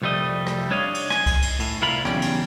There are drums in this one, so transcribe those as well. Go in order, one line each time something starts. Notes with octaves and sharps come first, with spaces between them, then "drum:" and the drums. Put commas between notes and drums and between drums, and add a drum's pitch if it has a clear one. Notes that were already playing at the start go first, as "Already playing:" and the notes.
C2 F2 G3 A3 D#5
drum: rim click
D4 C#5 D#5 F5
drum: cymbal
G#5, drum: rim click
drum: kick C2, cymbal
drum: cymbal
A2, drum: cymbal
C2 E4 F4 A#4 B5
B1 E2 C#3 G3 C#4 G5, drum: rim click
drum: cymbal